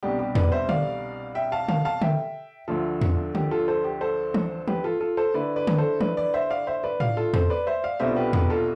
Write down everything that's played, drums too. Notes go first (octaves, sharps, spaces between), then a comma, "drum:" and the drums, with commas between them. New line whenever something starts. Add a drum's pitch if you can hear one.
C2 B2 G3 D4 G4
G4
B4 D5, drum: tom E2
C5 E5
D5 F5, drum: tom D3
E5 G5
F5 A5
F5 A5, drum: tom D3
F5 A5
E5 G5, drum: tom D3
D2 D3 F3 A3 F4 A4
drum: tom E2
G4, drum: tom D3
F4 A4
A4 C5
G4
A4 C5
drum: tom E3
G4 B4, drum: tom E3
F4 A4
F4 A4
A4 C5
D3 A3 E4 B4 D5
B4 D5
drum: tom D3
A4 C5
B4 D5, drum: tom E3
B4 D5
C5 E5
D5 F5
C5 E5
B4 D5
D5 F5, drum: tom A2
F4 A4
A4 C5, drum: tom E2
B4 D5
C5 E5
D5 F5
C2 B2 A3 D4 F4 C5 E5
G4 B4
G4 B4, drum: tom E2
F4 A4